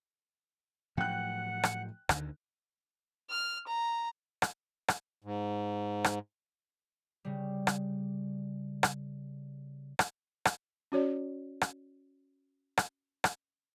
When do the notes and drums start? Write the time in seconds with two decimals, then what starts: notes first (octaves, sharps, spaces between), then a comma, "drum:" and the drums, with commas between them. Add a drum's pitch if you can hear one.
0.97 A2 F3 F#3 F#5 G5 F#6
1.63 drum: rim click
2.09 D2 D3 D#3, drum: rim click
3.30 F6
3.67 A#5
4.42 drum: rim click
4.88 drum: rim click
5.24 G#2
6.04 drum: rim click
7.25 C#3 G3
7.67 drum: rim click
8.83 drum: rim click
9.99 drum: rim click
10.45 drum: rim click
10.92 C#4 F#4 C#5 D5
11.61 drum: rim click
12.77 drum: rim click
13.24 drum: rim click